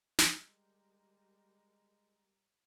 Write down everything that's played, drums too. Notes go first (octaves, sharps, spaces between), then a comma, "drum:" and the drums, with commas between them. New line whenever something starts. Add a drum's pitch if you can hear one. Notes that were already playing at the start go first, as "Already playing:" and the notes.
G3 G#3 A#4, drum: snare